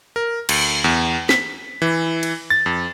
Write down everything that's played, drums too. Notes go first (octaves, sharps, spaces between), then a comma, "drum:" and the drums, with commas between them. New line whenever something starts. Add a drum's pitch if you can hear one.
A#4
D2, drum: cymbal
E2
B6, drum: snare
E3
drum: cymbal
A6
F2